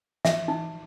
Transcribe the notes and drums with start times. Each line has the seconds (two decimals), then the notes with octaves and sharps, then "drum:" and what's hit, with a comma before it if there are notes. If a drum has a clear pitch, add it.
0.25 E5, drum: snare
0.48 D#4